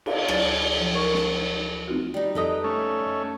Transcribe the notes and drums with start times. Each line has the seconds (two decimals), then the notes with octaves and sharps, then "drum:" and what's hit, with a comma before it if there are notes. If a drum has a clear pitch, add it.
0.06 D#5 F5, drum: cymbal
0.28 D2 F#3 C#5 D5 A6, drum: rim click
0.77 F3
0.93 A#4 C#6
1.14 drum: snare
1.87 A3 C4 D#4 F4 F#4
2.14 G3 D#4
2.35 F2 A4 B4 D#5 G5 A#5
2.64 A3 C#4